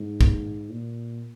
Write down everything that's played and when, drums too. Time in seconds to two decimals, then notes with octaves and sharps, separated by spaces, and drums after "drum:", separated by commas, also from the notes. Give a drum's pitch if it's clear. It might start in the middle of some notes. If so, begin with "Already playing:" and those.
Already playing: G#2
0.21 drum: kick
0.70 A#2